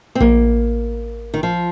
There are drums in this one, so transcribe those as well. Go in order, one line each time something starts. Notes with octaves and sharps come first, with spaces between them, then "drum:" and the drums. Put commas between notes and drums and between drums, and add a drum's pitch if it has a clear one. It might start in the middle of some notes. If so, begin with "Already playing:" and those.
C4
A#3, drum: kick A#1
D#3
F3